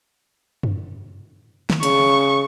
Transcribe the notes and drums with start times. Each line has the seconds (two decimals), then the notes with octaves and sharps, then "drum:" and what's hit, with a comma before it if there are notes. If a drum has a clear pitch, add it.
0.63 drum: tom F#2
1.70 drum: snare
1.83 C#3 C#6, drum: hi-hat